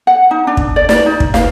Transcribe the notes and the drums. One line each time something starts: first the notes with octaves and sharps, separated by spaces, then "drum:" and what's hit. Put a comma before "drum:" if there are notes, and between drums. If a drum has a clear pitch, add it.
F#5
D#4
D4
drum: kick
D5
D5, drum: snare
D#4
drum: kick
F5, drum: snare